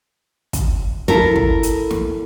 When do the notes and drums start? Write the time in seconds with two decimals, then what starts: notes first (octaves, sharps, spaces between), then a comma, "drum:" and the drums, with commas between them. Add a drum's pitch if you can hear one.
0.53 drum: kick, hi-hat
1.08 E4 A4 A#4, drum: snare
1.36 drum: kick
1.63 drum: hi-hat
1.91 drum: snare